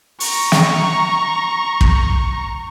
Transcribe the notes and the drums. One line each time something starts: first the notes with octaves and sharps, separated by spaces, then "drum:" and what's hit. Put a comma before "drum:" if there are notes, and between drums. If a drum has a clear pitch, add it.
A#5 C#6, drum: open hi-hat
drum: snare
drum: kick